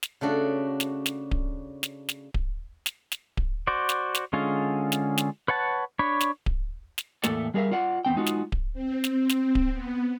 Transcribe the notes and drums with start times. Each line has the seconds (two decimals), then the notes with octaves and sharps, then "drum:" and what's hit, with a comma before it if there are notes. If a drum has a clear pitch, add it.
0.03 drum: snare
0.21 C#3 A3 D4 F#4
0.80 drum: snare
1.06 drum: snare
1.31 drum: kick D1
1.83 drum: snare
2.09 drum: snare
2.34 drum: kick D1
2.86 drum: snare
3.12 drum: snare
3.37 drum: kick D1
3.67 F#4 C5 D5
3.89 drum: snare
4.15 drum: snare
4.33 D3 G#3 C#4 F4 G#4
4.92 drum: snare
5.18 drum: snare
5.48 B4 C#5 F#5 A5
5.99 D4 C#5 B5
6.21 drum: snare
6.46 drum: kick D1
6.98 drum: snare
7.23 E2 A2 A3 A#3 A4 D5, drum: snare
7.54 G3 G#4 A#4 E5 F5
7.71 F4 D5 F#5
8.05 E2 B3 C4 G5
8.16 G#3 D#4 F4 F#4
8.26 drum: snare
8.52 drum: kick D1
8.73 C4
9.04 drum: snare
9.29 drum: snare
9.55 drum: kick D1
9.72 B3